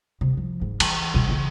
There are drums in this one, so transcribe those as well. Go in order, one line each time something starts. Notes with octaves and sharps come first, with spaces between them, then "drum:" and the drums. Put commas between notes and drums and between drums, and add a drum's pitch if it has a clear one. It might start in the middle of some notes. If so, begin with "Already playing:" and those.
C3
F3
G#2
E3, drum: cymbal
B2 G#3
C#3 E3